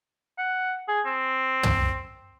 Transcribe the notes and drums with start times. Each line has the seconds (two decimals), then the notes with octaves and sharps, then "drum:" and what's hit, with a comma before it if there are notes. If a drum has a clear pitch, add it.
0.38 F#5
0.88 G#4
1.06 C4
1.63 drum: tom